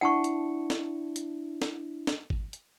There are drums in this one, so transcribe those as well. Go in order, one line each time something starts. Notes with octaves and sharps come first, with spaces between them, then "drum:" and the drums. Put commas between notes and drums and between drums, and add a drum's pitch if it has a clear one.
D4 E4 F#5 A5 C#6 C#7
drum: hi-hat
drum: snare
drum: hi-hat
drum: snare
drum: snare
drum: kick
drum: hi-hat